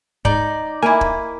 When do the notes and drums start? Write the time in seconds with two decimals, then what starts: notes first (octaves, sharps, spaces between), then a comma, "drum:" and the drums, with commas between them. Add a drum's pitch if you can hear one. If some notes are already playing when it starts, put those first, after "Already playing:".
0.25 G#2 D#4 D5, drum: kick
0.83 A#3 E4 G#5
1.01 drum: kick